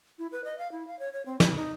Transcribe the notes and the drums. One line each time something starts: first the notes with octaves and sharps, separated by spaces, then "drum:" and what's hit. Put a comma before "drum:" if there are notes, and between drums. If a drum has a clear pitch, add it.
E4
B4
D#5
F5
E4
F5
C#5
C#5
C4
E4, drum: snare
D#4